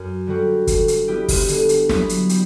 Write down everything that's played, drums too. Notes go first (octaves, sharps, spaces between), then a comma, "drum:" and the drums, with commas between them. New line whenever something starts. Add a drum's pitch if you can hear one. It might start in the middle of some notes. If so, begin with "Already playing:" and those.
Already playing: F#2
D3 G3 C4 F#4
D3, drum: kick, hi-hat
drum: hi-hat
G3 B3 E4 G4
drum: kick, open hi-hat
D3, drum: hi-hat
drum: hi-hat
F#3 B3 E4, drum: snare
drum: hi-hat
G3, drum: hi-hat